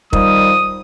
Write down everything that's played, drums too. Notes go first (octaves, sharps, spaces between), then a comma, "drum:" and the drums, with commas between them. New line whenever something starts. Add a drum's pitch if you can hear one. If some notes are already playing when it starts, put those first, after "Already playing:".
D#3 F3 G3 D#6, drum: kick